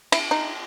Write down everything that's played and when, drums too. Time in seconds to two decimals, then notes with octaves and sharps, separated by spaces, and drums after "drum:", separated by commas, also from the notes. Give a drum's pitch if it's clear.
0.12 E4, drum: cymbal
0.31 D#4